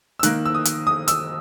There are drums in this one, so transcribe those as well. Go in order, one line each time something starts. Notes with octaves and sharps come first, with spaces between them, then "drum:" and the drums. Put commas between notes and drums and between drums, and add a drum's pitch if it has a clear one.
E6
D#3 A#3 F#6, drum: hi-hat
E6
D#6
drum: hi-hat
D#6
E6, drum: hi-hat